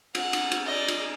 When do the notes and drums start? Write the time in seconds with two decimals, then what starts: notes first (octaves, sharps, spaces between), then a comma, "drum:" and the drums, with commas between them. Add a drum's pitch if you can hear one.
0.15 F#5, drum: cymbal
0.33 drum: cymbal
0.52 drum: cymbal
0.66 D5 D#5
0.88 drum: cymbal